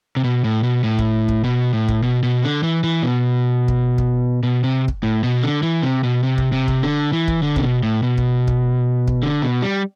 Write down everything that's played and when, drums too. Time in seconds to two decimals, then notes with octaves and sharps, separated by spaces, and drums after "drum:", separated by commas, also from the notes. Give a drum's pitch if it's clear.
0.16 C3
0.24 B2
0.44 A2
0.63 B2
0.84 A2
0.99 drum: kick
1.29 drum: kick
1.44 B2
1.73 A2
1.88 drum: kick
2.03 B2
2.23 B2
2.44 D3
2.63 E3
2.84 E3
3.03 B2
3.68 drum: kick
3.98 drum: kick
4.43 B2
4.64 C3
4.88 drum: kick
5.03 A2
5.23 B2
5.43 D3
5.63 E3
5.83 C3
6.03 B2
6.23 C3
6.38 drum: kick
6.53 C3
6.68 drum: kick
6.83 D3
7.13 E3
7.28 drum: kick
7.42 D3
7.56 C3, drum: kick
7.62 B2
7.83 A2
8.03 B2
8.18 drum: kick
8.48 drum: kick
9.08 drum: kick
9.23 D3
9.42 B2
9.62 G3